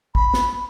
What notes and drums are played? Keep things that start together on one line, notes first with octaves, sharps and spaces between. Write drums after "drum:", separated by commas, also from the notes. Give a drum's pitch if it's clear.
B5, drum: kick G#1
drum: snare